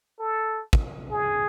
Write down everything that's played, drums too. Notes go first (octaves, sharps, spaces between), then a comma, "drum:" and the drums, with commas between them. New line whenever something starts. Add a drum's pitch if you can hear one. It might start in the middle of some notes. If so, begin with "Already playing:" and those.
A4
drum: kick
G#4